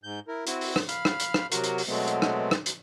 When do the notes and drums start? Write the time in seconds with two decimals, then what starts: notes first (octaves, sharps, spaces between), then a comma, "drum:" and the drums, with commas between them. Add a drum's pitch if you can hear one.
0.04 G#2 G6
0.28 E4 A#4
0.47 C4 E4 F#4, drum: hi-hat
0.61 drum: open hi-hat
0.76 drum: rim click
0.89 F5 B5 F6, drum: hi-hat
1.05 drum: rim click
1.20 drum: hi-hat
1.34 drum: rim click
1.52 C3 F#3 F#4 A#4, drum: hi-hat
1.64 drum: hi-hat
1.78 drum: open hi-hat
1.88 B2 F#3 G#3 A3 B3 C4
2.07 drum: hi-hat
2.22 drum: rim click
2.51 drum: rim click
2.66 drum: hi-hat